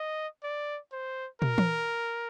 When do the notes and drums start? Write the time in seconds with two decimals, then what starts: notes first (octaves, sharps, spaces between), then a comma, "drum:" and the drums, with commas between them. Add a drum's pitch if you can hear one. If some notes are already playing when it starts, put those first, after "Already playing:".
Already playing: D#5
0.43 D5
0.92 C5
1.42 A#4, drum: tom
1.58 drum: tom